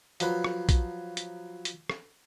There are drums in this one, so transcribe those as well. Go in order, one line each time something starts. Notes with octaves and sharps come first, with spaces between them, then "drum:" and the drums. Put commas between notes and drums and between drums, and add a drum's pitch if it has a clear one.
F3 F#3 B4, drum: hi-hat
drum: rim click
drum: kick A#1, hi-hat
drum: hi-hat
drum: hi-hat
drum: rim click